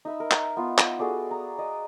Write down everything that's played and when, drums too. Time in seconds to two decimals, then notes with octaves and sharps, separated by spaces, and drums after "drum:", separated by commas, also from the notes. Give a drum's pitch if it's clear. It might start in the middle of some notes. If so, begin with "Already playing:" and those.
0.05 D#4 E5 B5
0.20 A#4
0.31 drum: clap
0.57 B3 F4
0.78 drum: clap
0.99 F#4 G#4 A4 D5
1.31 A#5
1.58 D5 D#5